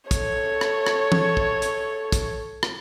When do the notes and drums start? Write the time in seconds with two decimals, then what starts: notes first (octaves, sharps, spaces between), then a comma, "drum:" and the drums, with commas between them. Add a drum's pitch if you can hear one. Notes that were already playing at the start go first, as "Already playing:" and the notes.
0.11 A4 C#5, drum: kick, hi-hat
0.61 drum: rim click
0.87 drum: rim click
1.12 drum: tom E3
1.37 drum: kick
1.62 drum: hi-hat
2.12 drum: kick, hi-hat
2.63 drum: rim click